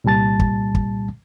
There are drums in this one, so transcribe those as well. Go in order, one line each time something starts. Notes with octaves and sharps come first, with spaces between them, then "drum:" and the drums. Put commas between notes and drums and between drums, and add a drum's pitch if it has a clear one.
C2 A#2 G3 A5 A6
drum: kick
drum: kick